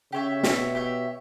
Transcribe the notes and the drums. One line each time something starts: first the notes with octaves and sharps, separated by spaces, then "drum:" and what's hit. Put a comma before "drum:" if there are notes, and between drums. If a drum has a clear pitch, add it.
C#3 G4 C#5 E5
B2 G4 C#5 E5, drum: snare
G4 C#5 E5